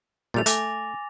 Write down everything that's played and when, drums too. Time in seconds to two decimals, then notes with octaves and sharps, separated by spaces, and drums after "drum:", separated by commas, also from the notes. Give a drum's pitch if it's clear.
0.34 A#2 G3 A3 A6 F7
0.46 A3 G#5 D6 A#6, drum: hi-hat